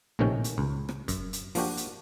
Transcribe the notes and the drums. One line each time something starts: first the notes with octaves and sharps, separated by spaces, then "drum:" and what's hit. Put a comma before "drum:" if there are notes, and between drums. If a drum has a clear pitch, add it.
A#1 A2 C3 D#3 C#4 G5
drum: hi-hat
C#2
drum: rim click
F#2, drum: kick, hi-hat
drum: hi-hat
F3 A#3 D4 F#4 G4, drum: open hi-hat
drum: hi-hat